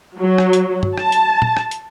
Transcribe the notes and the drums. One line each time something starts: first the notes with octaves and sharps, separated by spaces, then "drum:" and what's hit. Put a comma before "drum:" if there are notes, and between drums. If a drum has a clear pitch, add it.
F#3
drum: rim click
drum: hi-hat
drum: tom
A5, drum: rim click
drum: hi-hat
drum: tom
drum: rim click
drum: hi-hat